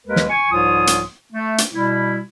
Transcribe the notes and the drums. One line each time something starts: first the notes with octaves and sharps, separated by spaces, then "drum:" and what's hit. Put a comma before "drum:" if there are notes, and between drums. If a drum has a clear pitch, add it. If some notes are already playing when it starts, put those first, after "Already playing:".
D#2 G#3 A#4 B4
drum: snare
G#5 C#6
C2 G#2 F3 F4 C#5 D#6
drum: hi-hat
A3
drum: hi-hat
B2 G3 E4